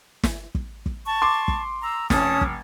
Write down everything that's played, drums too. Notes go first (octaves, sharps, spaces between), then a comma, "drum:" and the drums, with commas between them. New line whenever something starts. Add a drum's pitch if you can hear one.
drum: snare
drum: kick
drum: kick
A5 C#6
C6 D6
drum: kick
A#5 E6
F1 C#4 A5 D#6, drum: snare
drum: kick